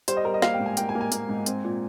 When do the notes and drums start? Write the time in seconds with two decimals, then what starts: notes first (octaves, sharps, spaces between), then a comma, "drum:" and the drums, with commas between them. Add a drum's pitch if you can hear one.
0.08 G3 C5, drum: hi-hat
0.17 D#5
0.25 G3 A#4
0.34 D#5
0.42 A#3 F5, drum: snare
0.54 G5
0.59 G#2
0.66 G#5
0.77 A#3 G5, drum: hi-hat
0.89 G#5
0.95 A#3
1.01 G#5
1.12 A#3, drum: hi-hat
1.29 G#2
1.46 C4, drum: hi-hat
1.64 A#2